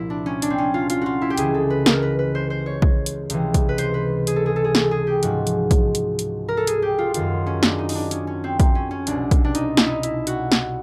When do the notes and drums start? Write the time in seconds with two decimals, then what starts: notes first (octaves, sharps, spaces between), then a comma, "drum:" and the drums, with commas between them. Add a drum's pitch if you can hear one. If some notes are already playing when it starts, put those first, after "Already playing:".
Already playing: C2 A#2 F3 E4
0.10 D4
0.26 C#4
0.42 D4, drum: hi-hat
0.50 C4
0.58 C#4
0.74 F4
0.90 F4, drum: hi-hat
1.01 F4 F#4
1.21 E4
1.30 G4
1.38 C#2 C#3 E3 G#4, drum: hi-hat
1.54 A4
1.70 B4
1.86 A#4, drum: snare
2.02 B4
2.19 B4
2.35 C5
2.50 C5
2.66 C#5
2.82 drum: kick
3.06 drum: hi-hat
3.30 C#2 C3 E3, drum: hi-hat
3.54 drum: kick, hi-hat
3.69 B4
3.78 C5, drum: hi-hat
3.94 B4
4.27 G#4, drum: hi-hat
4.36 A4
4.46 G#4
4.56 A4
4.64 G#4
4.75 A4, drum: snare
4.91 G#4
5.07 G4
5.23 G#2 F3 F#4, drum: hi-hat
5.47 drum: hi-hat
5.71 drum: kick, hi-hat
5.95 drum: hi-hat
6.19 drum: hi-hat
6.48 A#4
6.57 A4
6.67 G#4, drum: hi-hat
6.82 G4
6.99 F4
7.14 F#2 D#3 F4, drum: hi-hat
7.46 C#4
7.63 D4, drum: snare
7.79 D#4
7.89 D#4, drum: open hi-hat
7.95 D4
8.11 C#4, drum: hi-hat
8.27 C#4
8.44 C4
8.60 C4, drum: kick, hi-hat
8.75 C#4
8.91 C#4
9.07 C2 B2 D4, drum: hi-hat
9.31 drum: kick, hi-hat
9.45 D4
9.55 D#4, drum: hi-hat
9.77 E4, drum: snare
9.87 D#4
10.03 E4, drum: hi-hat
10.27 F#4, drum: hi-hat
10.52 drum: snare